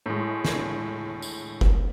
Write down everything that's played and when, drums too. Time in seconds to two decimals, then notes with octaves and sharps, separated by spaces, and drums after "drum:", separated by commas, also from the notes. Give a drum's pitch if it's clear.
0.06 A2 G#3
0.45 drum: snare
1.22 drum: tambourine
1.61 drum: kick